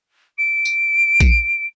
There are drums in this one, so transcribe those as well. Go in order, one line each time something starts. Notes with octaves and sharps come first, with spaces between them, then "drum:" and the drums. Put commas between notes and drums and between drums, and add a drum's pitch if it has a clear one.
D7
drum: tambourine
drum: kick A#1, tambourine